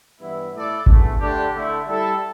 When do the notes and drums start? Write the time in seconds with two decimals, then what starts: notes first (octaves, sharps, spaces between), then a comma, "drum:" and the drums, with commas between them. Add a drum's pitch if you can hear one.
0.20 G2 E3 B3 E4
0.53 A2 A3 E4 A4 D5
0.86 E2 D3 A3, drum: kick G#1
1.20 D3 A3 D4 G4
1.53 D3 A3 E4
1.86 G3 E4 A4 E5